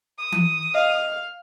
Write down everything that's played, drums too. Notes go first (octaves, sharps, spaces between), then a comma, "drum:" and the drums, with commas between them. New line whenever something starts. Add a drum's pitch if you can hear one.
D#6
drum: tom E3
D#5 F5